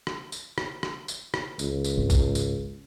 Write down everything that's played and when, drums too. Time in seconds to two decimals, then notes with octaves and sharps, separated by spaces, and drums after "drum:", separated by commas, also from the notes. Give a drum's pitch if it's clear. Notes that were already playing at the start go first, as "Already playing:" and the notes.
0.07 drum: rim click
0.32 drum: tambourine
0.58 drum: rim click
0.83 drum: rim click
1.08 drum: tambourine
1.34 drum: rim click
1.59 C#2, drum: tambourine
1.84 drum: tambourine
1.98 G#1
2.10 drum: kick, tambourine
2.35 drum: tambourine